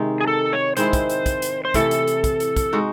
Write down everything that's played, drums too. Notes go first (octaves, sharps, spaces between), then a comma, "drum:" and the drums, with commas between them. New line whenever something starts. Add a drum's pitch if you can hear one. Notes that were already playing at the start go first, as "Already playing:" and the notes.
Already playing: C3 D#3 G#3 D#4
G#4
A4
C#5
D#3 G#3 C4 E4 C5, drum: hi-hat
drum: kick, hi-hat
drum: hi-hat
drum: kick, hi-hat
drum: hi-hat
C5
C3 E3 A3 A4, drum: kick, hi-hat
drum: hi-hat
drum: hi-hat
drum: kick, hi-hat
drum: hi-hat
drum: kick, hi-hat
G#3 D#4 F#4